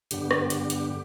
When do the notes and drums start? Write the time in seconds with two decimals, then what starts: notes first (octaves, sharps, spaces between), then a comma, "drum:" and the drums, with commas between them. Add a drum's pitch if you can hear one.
0.11 G2 D3 G3 B3 G4, drum: hi-hat
0.31 drum: rim click
0.50 drum: hi-hat
0.70 drum: hi-hat